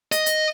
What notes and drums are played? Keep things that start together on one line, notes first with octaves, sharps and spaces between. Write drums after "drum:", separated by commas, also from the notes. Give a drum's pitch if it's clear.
D#5, drum: hi-hat
drum: hi-hat